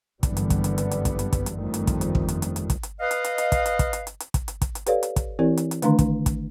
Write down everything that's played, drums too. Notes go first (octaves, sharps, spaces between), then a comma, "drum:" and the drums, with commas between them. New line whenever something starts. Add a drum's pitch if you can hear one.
F#1 G2 D3 E3 G3 B3, drum: kick, hi-hat
drum: hi-hat
drum: kick, hi-hat
drum: hi-hat
drum: hi-hat
drum: hi-hat
drum: kick, hi-hat
drum: hi-hat
drum: kick, hi-hat
drum: hi-hat
G1 F2 D#3 G3 A3
drum: hi-hat
drum: kick, hi-hat
drum: hi-hat
drum: kick
drum: hi-hat
drum: hi-hat
drum: hi-hat
drum: kick, hi-hat
drum: hi-hat
B4 D#5 F5
drum: hi-hat
drum: hi-hat
drum: hi-hat
drum: kick, hi-hat
drum: hi-hat
drum: kick, hi-hat
drum: hi-hat
drum: hi-hat
drum: hi-hat
drum: kick, hi-hat
drum: hi-hat
drum: kick, hi-hat
drum: hi-hat
G4 A4 B4 C#5 D5 F5, drum: hi-hat
drum: hi-hat
drum: kick, hi-hat
E3 C4 E4 G4 A#4 D5
drum: hi-hat
drum: hi-hat
D3 D#3 A3 D4 A#5 C6, drum: hi-hat
drum: kick, hi-hat
drum: kick, hi-hat